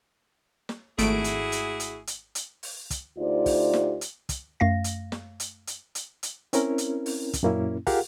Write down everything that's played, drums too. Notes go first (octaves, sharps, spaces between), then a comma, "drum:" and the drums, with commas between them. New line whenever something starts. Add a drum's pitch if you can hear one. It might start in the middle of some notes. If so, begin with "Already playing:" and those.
drum: snare
G#1 A3 E4 F#4 G#4 D7, drum: hi-hat
drum: hi-hat
drum: hi-hat
drum: hi-hat
drum: hi-hat
drum: hi-hat
drum: open hi-hat
drum: kick, hi-hat
D2 D#4 F4 G4 C5 D5
drum: kick, open hi-hat
drum: snare
drum: hi-hat
drum: kick, hi-hat
F#2 A3 F5 A#6
drum: hi-hat
drum: snare
drum: hi-hat
drum: hi-hat
drum: hi-hat
drum: hi-hat
C4 C#4 E4 A#4, drum: hi-hat
drum: hi-hat
drum: open hi-hat
drum: kick, hi-hat
F#2 A#2 A#3 C#4 E4
F4 G4 G#4 A#4 F5 F#5, drum: kick, open hi-hat